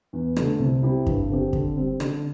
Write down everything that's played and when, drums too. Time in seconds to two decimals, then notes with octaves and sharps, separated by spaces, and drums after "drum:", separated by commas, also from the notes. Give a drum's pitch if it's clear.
0.13 E2
0.36 D3 A3, drum: rim click
0.59 C2
0.82 C3 G3 E4 G4
1.07 G2, drum: kick
1.30 D3 C4 G4
1.53 D3, drum: kick
1.77 G3 C4
2.00 D3, drum: rim click